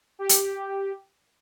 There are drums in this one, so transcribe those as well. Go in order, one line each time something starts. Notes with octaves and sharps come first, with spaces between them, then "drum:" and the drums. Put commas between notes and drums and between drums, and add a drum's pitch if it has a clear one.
G4
drum: hi-hat